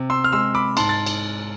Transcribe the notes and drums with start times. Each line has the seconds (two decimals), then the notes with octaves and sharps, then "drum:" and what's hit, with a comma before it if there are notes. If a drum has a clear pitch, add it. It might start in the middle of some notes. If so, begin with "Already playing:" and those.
Already playing: C3
0.10 C6 E6
0.24 F6
0.32 G#3 C6 E6
0.55 B5 D6
0.77 G#2 A5 C6, drum: cymbal
0.89 A6
1.07 drum: cymbal